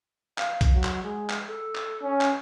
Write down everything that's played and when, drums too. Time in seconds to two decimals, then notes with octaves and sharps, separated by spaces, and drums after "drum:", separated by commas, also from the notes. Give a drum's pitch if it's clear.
0.38 F5, drum: clap
0.61 drum: kick B1, hi-hat
0.72 F#3
0.84 drum: clap
1.03 G#3
1.29 drum: clap
1.48 A4
1.75 drum: clap
2.03 C#4
2.21 drum: clap